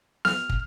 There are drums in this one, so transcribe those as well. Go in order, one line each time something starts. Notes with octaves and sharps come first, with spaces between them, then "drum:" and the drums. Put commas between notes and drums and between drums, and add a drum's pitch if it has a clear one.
F6, drum: snare B3
drum: kick